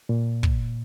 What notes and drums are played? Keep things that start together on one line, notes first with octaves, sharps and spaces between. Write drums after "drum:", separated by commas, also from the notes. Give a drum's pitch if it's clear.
A#2
drum: kick